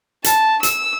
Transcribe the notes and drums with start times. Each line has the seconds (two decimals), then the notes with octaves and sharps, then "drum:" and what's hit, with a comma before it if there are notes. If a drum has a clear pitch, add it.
0.24 A5, drum: hi-hat
0.63 E6, drum: hi-hat